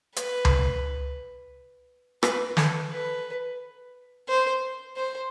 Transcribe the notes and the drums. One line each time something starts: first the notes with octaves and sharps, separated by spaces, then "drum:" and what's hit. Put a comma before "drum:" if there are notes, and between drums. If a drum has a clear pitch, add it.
B4, drum: hi-hat
drum: tom C#2
B4, drum: rim click
A4, drum: snare
B4
C5
C5